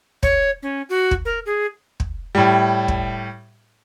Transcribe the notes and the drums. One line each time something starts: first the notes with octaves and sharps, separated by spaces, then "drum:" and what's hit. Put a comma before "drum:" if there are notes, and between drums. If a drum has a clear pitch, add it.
C#5, drum: kick
C#4
F#4
drum: kick
A#4
G#4
drum: kick
A2 G3
drum: kick